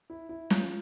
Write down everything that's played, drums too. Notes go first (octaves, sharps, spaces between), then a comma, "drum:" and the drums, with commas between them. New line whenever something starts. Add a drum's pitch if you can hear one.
E4
E4
F4, drum: snare